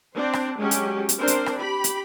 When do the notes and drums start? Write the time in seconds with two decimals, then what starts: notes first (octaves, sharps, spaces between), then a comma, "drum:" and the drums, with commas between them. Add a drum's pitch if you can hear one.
0.15 C4 D4 C5
0.33 drum: rim click
0.57 F#3 G#3 C#4 G4
0.71 drum: hi-hat
1.09 drum: hi-hat
1.18 C4 D4 A#4 C5
1.28 drum: hi-hat
1.46 drum: rim click
1.58 G4 B5
1.84 drum: hi-hat